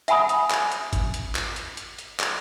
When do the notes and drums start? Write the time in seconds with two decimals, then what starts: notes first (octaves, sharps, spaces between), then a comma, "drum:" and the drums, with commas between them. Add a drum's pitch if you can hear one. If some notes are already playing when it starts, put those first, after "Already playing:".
0.08 E5 F#5 G#5 B5 D#6, drum: hi-hat
0.29 drum: hi-hat
0.50 drum: clap
0.72 drum: hi-hat
0.93 drum: kick G#1, hi-hat
1.14 drum: hi-hat
1.35 drum: clap
1.56 drum: hi-hat
1.77 drum: hi-hat
1.98 drum: hi-hat
2.20 drum: clap